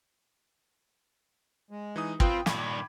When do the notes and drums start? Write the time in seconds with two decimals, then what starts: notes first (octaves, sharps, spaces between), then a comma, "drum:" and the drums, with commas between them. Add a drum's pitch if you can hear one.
1.70 G#3
1.96 E3 D#4 D#6
2.20 C4 F4 B4 G5 D#6, drum: kick
2.46 G2 A#2 D#3 B5 D6 G#6, drum: snare